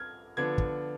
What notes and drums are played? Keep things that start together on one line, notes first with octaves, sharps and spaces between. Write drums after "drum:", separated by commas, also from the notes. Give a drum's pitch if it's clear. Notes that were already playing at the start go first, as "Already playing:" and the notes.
Already playing: F6 G#6
D3 F3 B3 D4 G#6
drum: kick